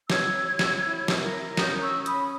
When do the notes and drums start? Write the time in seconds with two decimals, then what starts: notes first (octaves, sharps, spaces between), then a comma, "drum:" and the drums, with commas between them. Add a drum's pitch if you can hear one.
0.10 C#5 E6 G#6, drum: snare
0.47 C#5
0.59 drum: snare
0.84 E4
1.08 drum: snare
1.21 A#4
1.57 C#4 D#6 G6, drum: snare
1.82 C#6 E6
1.94 C#4
2.06 B5 D#6, drum: hi-hat